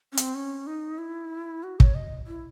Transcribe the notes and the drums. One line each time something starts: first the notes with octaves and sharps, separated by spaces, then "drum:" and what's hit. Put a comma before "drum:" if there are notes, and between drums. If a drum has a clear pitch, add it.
C#4
C4, drum: hi-hat
C#4
D#4
E4
F#4
C#5, drum: kick
D#5
E4